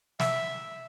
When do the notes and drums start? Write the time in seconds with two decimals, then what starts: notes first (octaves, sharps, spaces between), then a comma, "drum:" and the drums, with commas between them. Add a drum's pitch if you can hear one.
0.20 E5, drum: snare